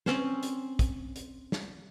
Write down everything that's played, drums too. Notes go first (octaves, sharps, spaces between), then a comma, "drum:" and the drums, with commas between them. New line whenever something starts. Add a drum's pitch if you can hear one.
C4 C#4 C5, drum: snare
drum: hi-hat
drum: kick, hi-hat
drum: hi-hat
drum: snare